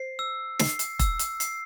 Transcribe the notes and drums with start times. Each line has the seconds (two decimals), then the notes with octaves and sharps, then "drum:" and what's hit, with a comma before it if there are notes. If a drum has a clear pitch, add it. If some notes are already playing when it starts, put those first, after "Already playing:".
Already playing: C5 C7
0.19 E6
0.59 C7, drum: snare
0.79 drum: hi-hat
0.99 E6, drum: kick E1, hi-hat
1.19 drum: hi-hat
1.40 C7, drum: hi-hat